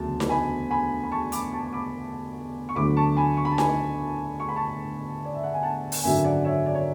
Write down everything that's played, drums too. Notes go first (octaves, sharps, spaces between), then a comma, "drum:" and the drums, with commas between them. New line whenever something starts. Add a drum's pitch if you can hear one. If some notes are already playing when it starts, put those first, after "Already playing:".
Already playing: E1 D2 C#3 F#3 A5
drum: snare D#4
G#5 B5
G#5 B5
B5
A5 C#6
B5 D6, drum: hi-hat
A5 C#6
C#6
B5 D6
C#6
D2 D3 F#3 B5 D6
A5 C#6
G#5 B5
C#6
B5
A5
G#5 B5, drum: snare D#4
C#6
B5
A5 C#6
D5
E5
F#5
G#5
F#5 A5
drum: open hi-hat
G#1 F#2 D3 F#3 E5 G#5
D5 F#5
C#5 E5
D5
C#5